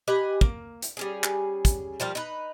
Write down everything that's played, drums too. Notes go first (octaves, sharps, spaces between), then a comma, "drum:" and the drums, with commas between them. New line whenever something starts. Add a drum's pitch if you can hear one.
G4 B4 D#5 G#5
A#3, drum: kick
drum: hi-hat
G3 C#4 G#4
drum: clap
drum: kick, hi-hat
F3 G3 A#3 F5
D#4 B4